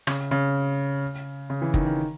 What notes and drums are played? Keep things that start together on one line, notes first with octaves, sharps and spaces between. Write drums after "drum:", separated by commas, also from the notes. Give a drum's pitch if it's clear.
C#3, drum: rim click
C#3
C#3
E3
D#3, drum: kick
D#3